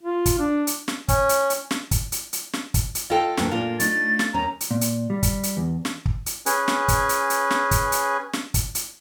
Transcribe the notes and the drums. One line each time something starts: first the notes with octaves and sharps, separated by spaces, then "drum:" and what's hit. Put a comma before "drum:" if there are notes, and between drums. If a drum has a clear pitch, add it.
F4
drum: kick, hi-hat
D4
drum: hi-hat
drum: snare
C#4, drum: kick, hi-hat
drum: hi-hat
drum: hi-hat
drum: snare
drum: kick, hi-hat
drum: hi-hat
drum: hi-hat
drum: snare
drum: kick, hi-hat
drum: hi-hat
F4 A4 D#5 G5
D2 G2 A#3, drum: snare
A#2 A#3 D4 F4
A3 D4 D#4 A6, drum: hi-hat
drum: snare
D#2 C#4 A#5
drum: hi-hat
A#2
drum: hi-hat
G3
drum: kick, hi-hat
drum: hi-hat
E2
drum: snare
drum: kick
drum: hi-hat
C#4 G#4 B4 G#5, drum: hi-hat
drum: snare
drum: kick, hi-hat
drum: hi-hat
drum: hi-hat
drum: snare
drum: kick, hi-hat
drum: hi-hat
drum: snare
drum: kick, hi-hat
drum: hi-hat